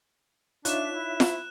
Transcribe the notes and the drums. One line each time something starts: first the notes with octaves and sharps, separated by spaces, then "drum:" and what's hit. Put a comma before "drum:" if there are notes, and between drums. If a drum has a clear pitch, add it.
D4 D#4 F4 C#5 E5 F#6 E7, drum: hi-hat
E4
drum: snare F4